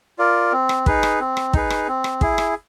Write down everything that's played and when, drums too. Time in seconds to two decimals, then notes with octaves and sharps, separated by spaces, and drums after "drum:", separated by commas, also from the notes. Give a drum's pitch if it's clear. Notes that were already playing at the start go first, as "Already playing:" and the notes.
0.18 F4 A#4 D5
0.52 C4
0.69 drum: rim click
0.86 D#4 G#4 B4, drum: kick
1.03 drum: rim click
1.20 C4
1.37 drum: rim click
1.53 D#4 G#4 B4, drum: kick
1.70 drum: rim click
1.88 C4
2.04 drum: rim click
2.21 E4 G#4, drum: kick
2.38 drum: rim click